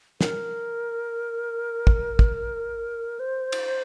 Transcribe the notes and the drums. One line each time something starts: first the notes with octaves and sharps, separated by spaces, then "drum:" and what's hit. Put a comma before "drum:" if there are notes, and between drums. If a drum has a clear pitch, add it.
A#4, drum: snare
drum: kick
drum: kick
C5
drum: cymbal